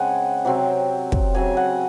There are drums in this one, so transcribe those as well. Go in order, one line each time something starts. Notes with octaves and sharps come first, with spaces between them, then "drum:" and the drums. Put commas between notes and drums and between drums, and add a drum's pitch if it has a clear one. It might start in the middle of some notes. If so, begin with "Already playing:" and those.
Already playing: C#3 G#3 C4 F#5 G#5
C3 F#3 C4
drum: kick
C#3 F#3 C4 G#5
F#5